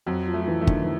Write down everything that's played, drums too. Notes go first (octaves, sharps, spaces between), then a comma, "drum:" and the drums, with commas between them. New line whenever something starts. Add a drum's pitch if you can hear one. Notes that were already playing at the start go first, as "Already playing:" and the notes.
F2 F#3
F3
A3
F3
E3
D#3 A3
D3, drum: kick G1
E3